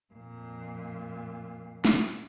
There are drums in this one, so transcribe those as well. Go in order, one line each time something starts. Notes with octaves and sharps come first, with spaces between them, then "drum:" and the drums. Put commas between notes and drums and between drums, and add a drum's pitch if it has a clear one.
F2 A#2
drum: snare